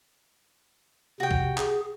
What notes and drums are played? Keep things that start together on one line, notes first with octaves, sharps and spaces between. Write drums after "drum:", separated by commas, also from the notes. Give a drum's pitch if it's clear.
C3 F#4 G5
drum: kick
G#4, drum: clap